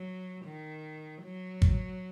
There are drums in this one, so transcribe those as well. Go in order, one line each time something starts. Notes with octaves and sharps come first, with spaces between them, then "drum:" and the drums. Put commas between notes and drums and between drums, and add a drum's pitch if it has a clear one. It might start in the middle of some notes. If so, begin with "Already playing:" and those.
Already playing: F#3
D#3
F#3
drum: kick